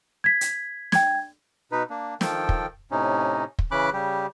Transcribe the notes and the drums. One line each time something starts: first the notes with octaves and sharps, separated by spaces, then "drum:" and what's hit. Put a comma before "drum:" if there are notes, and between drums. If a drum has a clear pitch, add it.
G#6 B6
drum: hi-hat
G5 G#6, drum: snare
B2 D#4 B4
A#3 D4
D#3 F3 A4 G5, drum: snare
drum: kick
A2 C3 C#4 D#4
drum: kick
C#3 E3 C#4 B5 D6 F#6
C#3 G3 G4